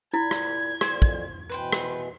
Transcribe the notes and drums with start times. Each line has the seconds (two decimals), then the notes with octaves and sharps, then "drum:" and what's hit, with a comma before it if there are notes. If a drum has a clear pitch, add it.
0.14 A#2 E4 B5 G#6
0.31 drum: rim click
0.81 F2 A#2 C5, drum: rim click
1.02 drum: kick
1.50 B2 E3 B4 C5 G5
1.73 drum: rim click